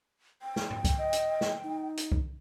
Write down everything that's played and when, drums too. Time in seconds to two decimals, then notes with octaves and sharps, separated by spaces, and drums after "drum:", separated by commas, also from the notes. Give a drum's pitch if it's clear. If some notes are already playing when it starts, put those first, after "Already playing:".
0.42 G5
0.56 drum: snare
0.70 drum: tom G#2
0.84 drum: kick C2, hi-hat
0.98 D#5
1.13 drum: hi-hat
1.41 drum: snare
1.63 D#4
1.97 drum: hi-hat
2.12 drum: kick C2